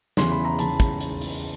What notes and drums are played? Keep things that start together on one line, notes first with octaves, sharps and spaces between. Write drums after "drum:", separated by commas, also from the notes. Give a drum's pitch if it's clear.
E2 C#3 E3 C6, drum: snare
B5
A#5
E2 C#3 E3 A5 B5, drum: hi-hat
drum: kick, hi-hat
drum: hi-hat
drum: open hi-hat